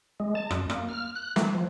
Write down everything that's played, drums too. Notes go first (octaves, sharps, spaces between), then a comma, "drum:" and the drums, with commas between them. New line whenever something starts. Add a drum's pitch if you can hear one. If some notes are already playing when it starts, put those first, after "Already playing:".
G#3
A5
F#2, drum: rim click
A#3, drum: rim click
F6
F#6
A3, drum: snare
F3